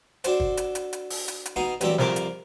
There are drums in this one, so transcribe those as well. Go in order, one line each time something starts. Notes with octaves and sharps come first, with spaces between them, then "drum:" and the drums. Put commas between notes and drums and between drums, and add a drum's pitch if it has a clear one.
D4 F#4 A4 C5, drum: hi-hat
drum: kick
drum: hi-hat
drum: hi-hat
drum: hi-hat
drum: open hi-hat
drum: hi-hat
drum: hi-hat
B2 D#4 F#4 F#5 A#5 C6
A1 G2 F#3 C4 A4 D5, drum: hi-hat
C2 F2 A#4 C5 D6, drum: snare
drum: hi-hat